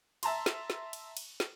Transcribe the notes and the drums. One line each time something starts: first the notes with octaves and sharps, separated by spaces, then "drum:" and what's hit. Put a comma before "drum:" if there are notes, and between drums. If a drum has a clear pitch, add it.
E5 A5 A#5 C6, drum: cymbal
drum: snare
drum: snare
drum: cymbal
drum: cymbal
drum: snare